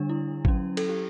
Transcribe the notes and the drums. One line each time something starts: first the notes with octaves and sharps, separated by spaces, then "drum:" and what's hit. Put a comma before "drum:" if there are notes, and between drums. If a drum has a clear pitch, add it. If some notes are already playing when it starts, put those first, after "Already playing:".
Already playing: D3 G3 D4
E4
F#3 C#4, drum: kick G#1
A4, drum: cymbal
G4